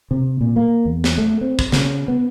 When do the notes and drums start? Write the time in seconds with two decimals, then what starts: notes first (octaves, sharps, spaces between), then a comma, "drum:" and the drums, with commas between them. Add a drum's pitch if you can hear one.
0.11 C3
0.41 A#2
0.56 A#3
0.85 E2
1.04 drum: snare
1.18 A3
1.41 C4
1.59 drum: kick
1.72 C#3, drum: snare
2.08 B3